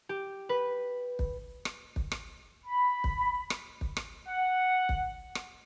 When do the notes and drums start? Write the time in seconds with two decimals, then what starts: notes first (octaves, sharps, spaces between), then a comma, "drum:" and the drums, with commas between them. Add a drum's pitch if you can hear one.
0.09 G4
0.49 B4
1.19 drum: kick
1.65 drum: rim click
1.96 drum: kick
2.12 drum: rim click
2.65 B5
3.04 drum: kick
3.50 drum: rim click
3.81 drum: kick
3.97 drum: rim click
4.27 F#5
4.89 drum: kick
5.35 drum: rim click